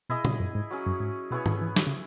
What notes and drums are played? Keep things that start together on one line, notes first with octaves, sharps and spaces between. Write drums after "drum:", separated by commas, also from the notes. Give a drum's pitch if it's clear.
B2 E4 G#4 D#5
C#3, drum: tom A#2
F#2
G#2
F#3 C#4 G#4
F#2
G#2
B2 B3 E4 G#4 C#5
D#3, drum: tom G#2
E3
D#3, drum: snare
C#3